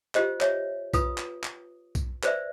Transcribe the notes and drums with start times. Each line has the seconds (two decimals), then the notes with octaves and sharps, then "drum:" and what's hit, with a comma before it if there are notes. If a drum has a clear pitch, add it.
0.15 F4 G4 C5 D#5, drum: clap
0.41 C#5 E5, drum: clap
0.94 F4 B4 D#6, drum: kick B1, tambourine
1.18 drum: clap
1.44 drum: clap
1.95 drum: kick B1, tambourine
2.23 B4 C5 D5 E5, drum: clap